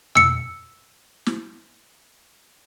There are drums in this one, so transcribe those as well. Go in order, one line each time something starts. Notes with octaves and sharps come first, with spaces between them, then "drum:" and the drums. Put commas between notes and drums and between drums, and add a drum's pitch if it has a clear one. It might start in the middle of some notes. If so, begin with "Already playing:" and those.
E6 C#7, drum: tom
drum: snare